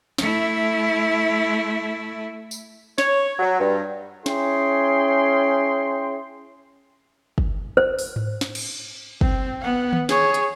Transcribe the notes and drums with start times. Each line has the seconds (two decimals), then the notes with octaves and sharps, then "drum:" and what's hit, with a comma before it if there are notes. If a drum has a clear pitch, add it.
0.18 A3 E4, drum: snare
2.51 drum: tambourine
2.98 C#5, drum: snare
3.39 F#3
3.60 G2
4.26 C#4 E4 G#4 G5 C6, drum: snare
7.38 drum: kick
7.77 C5
7.99 drum: open hi-hat
8.16 drum: tom G#2
8.41 drum: snare
8.55 drum: cymbal
9.21 C4, drum: kick
9.62 B3 F#5
9.93 drum: tom D#3
10.09 G#4 C#5, drum: snare
10.34 drum: hi-hat